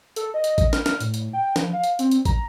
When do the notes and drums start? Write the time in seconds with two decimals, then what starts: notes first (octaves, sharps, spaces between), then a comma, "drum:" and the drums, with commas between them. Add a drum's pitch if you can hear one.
0.16 A4, drum: hi-hat
0.34 D#5
0.44 drum: hi-hat
0.58 drum: kick A1, hi-hat
0.73 F6, drum: snare
0.86 drum: snare
1.00 A2, drum: hi-hat
1.14 drum: hi-hat
1.33 G5
1.56 F3, drum: snare
1.73 F5
1.84 drum: hi-hat
1.99 C4, drum: hi-hat
2.11 drum: hi-hat
2.25 A#5, drum: kick A1, hi-hat